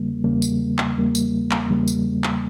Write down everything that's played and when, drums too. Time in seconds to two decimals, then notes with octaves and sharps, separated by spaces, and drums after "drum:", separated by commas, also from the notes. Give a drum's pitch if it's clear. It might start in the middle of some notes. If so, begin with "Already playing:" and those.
Already playing: E2 C#3 G3 A#3
0.24 E2 C#3 G3 A#3
0.42 drum: tambourine
0.78 drum: clap
0.97 E2 C#3 G3 A#3
1.15 drum: tambourine
1.51 drum: clap
1.69 E2 C#3 G3 A#3
1.88 drum: tambourine
2.24 drum: clap